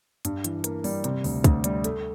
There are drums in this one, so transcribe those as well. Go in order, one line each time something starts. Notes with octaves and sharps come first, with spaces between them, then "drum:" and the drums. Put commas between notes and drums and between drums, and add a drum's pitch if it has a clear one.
G2, drum: hi-hat
E3, drum: hi-hat
A#3, drum: hi-hat
G3, drum: open hi-hat
C3, drum: hi-hat
D2, drum: open hi-hat
D2, drum: kick, hi-hat
G3, drum: hi-hat
A3, drum: hi-hat